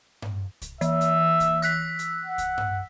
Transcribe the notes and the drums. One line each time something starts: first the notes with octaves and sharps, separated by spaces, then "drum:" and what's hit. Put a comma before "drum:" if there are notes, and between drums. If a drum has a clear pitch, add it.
drum: tom G2
drum: kick C2, hi-hat
E3 E5, drum: hi-hat
drum: hi-hat
drum: kick C2, hi-hat
E6 F#6 B6, drum: hi-hat
drum: hi-hat
F#5
drum: kick C2, hi-hat
drum: tom G2